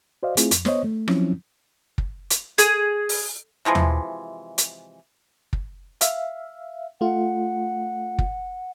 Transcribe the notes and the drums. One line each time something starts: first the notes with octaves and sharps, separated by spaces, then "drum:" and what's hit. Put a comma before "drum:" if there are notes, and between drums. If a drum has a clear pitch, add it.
F#4 C5 D5 D#5 F5
A3 C4 E4 F4 G#4, drum: hi-hat
F2, drum: hi-hat
B3 C5 C#5 D#5, drum: snare
A3
F3 F#3 C4 C#4 E4, drum: rim click
drum: kick
drum: hi-hat
G#4, drum: hi-hat
drum: open hi-hat
C3 E3 F3 G#3
drum: tom D#2
drum: hi-hat
drum: kick
E5 F5, drum: hi-hat
A3 F4 F#5
drum: kick